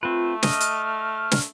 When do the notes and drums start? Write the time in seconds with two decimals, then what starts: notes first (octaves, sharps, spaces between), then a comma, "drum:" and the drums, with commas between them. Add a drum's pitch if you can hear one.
0.03 A3 C4 F4 B4
0.43 D#5 F6, drum: snare
0.61 drum: hi-hat
1.31 drum: snare